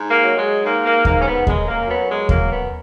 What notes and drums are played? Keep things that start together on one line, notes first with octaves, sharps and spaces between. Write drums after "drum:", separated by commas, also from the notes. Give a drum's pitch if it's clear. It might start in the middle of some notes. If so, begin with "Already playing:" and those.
Already playing: G#2
A#3
F#3
G#3
G#2 A#3
A#3
G#2 A#3, drum: kick D#2
C#4
B3
F#2 G#3, drum: kick D#2
A#3
F#3 B3
G#3
F#2 A#3, drum: kick D#2
B3